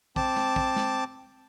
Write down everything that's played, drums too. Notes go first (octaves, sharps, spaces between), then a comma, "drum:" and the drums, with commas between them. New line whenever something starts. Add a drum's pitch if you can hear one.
C4 A5 D6, drum: kick
drum: snare
drum: kick
drum: snare